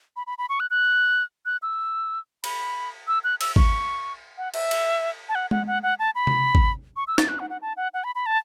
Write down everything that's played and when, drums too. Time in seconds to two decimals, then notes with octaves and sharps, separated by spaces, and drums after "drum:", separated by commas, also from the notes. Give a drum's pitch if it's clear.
0.16 B5
0.27 B5
0.38 B5
0.49 C#6
0.60 F#6
0.70 F#6
1.46 F#6
1.62 E6
2.44 B5, drum: cymbal
3.08 E6
3.24 F#6
3.41 E6, drum: cymbal
3.56 C#6, drum: kick
4.38 F#5
4.54 E5, drum: cymbal
4.71 drum: cymbal
5.29 A5
5.35 F#5
5.51 F#5, drum: tom G#3
5.67 F#5
5.83 F#5
5.99 A5
6.15 B5
6.27 drum: tom C3
6.55 drum: kick
6.96 C#6
7.07 E6
7.18 A6, drum: snare
7.29 F#6
7.40 F#5
7.50 F#5
7.62 A5
7.77 F#5
7.94 F#5
8.04 B5
8.15 B5
8.26 A5